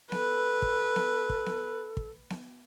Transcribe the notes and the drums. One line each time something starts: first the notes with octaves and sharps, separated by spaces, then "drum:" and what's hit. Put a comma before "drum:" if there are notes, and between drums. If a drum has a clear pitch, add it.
A4 B4, drum: snare B3
drum: kick
drum: snare B3
drum: kick
drum: snare B3
drum: kick
drum: snare B3